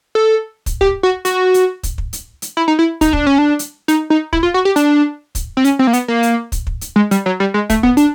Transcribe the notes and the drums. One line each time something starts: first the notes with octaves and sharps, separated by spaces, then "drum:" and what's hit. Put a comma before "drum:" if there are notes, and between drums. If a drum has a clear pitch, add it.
A4
drum: kick, hi-hat
G4, drum: kick
F#4
F#4, drum: hi-hat
drum: hi-hat
drum: kick, hi-hat
drum: kick
drum: hi-hat
drum: hi-hat
E4
D#4
E4
D#4, drum: kick, hi-hat
D4, drum: kick
C#4
D4
drum: hi-hat
D#4, drum: hi-hat
D#4
E4, drum: kick
F4
F#4
G4
D4, drum: hi-hat
drum: kick, hi-hat
C4
C#4, drum: hi-hat
C4
A#3
B3, drum: hi-hat
A#3
drum: hi-hat
drum: kick, hi-hat
drum: kick
drum: hi-hat
G#3
G3, drum: hi-hat
F#3
G3
G#3
A3, drum: kick, hi-hat
B3, drum: kick
D4, drum: hi-hat